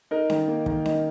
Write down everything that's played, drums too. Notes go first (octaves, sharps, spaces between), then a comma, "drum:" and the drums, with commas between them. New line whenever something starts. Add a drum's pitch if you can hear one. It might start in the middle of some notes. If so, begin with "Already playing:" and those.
D#4 A#4
D#3, drum: snare C#4
A#3
D#3, drum: kick
D#4, drum: snare C#4